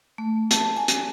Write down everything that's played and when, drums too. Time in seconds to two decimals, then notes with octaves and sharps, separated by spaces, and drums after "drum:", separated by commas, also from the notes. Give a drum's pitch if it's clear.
0.18 A3
0.51 A5, drum: hi-hat
0.76 G#5
0.88 drum: hi-hat